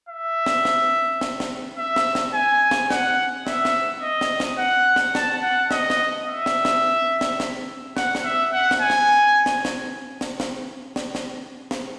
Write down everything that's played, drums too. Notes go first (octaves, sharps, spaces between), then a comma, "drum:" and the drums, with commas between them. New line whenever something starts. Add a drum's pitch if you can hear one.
E5
drum: snare
drum: snare
drum: snare
drum: snare
E5
drum: snare
drum: snare
G#5
drum: snare
F#5, drum: snare
E5, drum: snare
drum: snare
D#5
drum: snare
drum: snare
F#5
drum: snare
A5, drum: snare
F#5
D#5, drum: snare
drum: snare
E5
drum: snare
drum: snare
drum: snare
drum: snare
F#5, drum: snare
drum: snare
E5
F#5
drum: snare
G#5
drum: snare
drum: snare
drum: snare
drum: snare
drum: snare
drum: snare
drum: snare
drum: snare